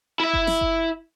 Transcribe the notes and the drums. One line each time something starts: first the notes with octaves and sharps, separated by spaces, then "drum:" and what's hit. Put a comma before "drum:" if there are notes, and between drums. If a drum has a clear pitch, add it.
E4 E5
drum: kick F#1
drum: snare
drum: kick F#1